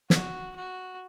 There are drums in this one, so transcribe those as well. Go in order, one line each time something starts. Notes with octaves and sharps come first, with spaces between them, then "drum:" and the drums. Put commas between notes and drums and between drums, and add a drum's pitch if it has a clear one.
F#4, drum: snare
F#4